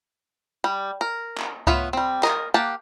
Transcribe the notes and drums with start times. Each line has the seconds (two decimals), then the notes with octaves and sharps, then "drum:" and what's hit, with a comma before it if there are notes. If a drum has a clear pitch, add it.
0.64 G3
1.01 A#4
1.37 drum: clap
1.67 A3 B3 F4 C#5 E5, drum: kick C#2
1.93 G3 C4
2.23 A#4 D#5, drum: clap
2.54 A#3 G4 F#5 A5